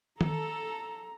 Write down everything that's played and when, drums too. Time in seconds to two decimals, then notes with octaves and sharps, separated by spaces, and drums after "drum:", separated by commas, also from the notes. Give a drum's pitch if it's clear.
0.21 A4 A#5, drum: tom D#3